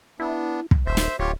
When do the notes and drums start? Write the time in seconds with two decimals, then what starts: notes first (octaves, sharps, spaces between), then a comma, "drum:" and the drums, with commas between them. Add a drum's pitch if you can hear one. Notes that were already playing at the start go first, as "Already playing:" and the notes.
0.20 B3 D4 E4
0.71 drum: kick
0.86 D#1 C5 E5
0.97 drum: snare
1.19 D1 F4 G4 C#5